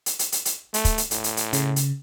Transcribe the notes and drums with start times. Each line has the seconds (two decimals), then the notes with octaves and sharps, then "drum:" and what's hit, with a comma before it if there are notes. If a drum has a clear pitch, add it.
0.06 drum: hi-hat
0.19 drum: hi-hat
0.32 drum: hi-hat
0.45 drum: hi-hat
0.74 A3, drum: hi-hat
0.85 drum: kick, hi-hat
0.98 drum: hi-hat
1.11 A2, drum: hi-hat
1.24 drum: hi-hat
1.37 drum: hi-hat
1.53 C#3, drum: hi-hat
1.76 drum: hi-hat